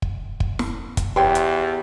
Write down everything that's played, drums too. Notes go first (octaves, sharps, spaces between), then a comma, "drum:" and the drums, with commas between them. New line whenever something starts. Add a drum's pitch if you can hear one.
drum: kick
drum: kick
drum: snare
drum: kick, hi-hat
E2 G4 C#5 G5 C6
drum: hi-hat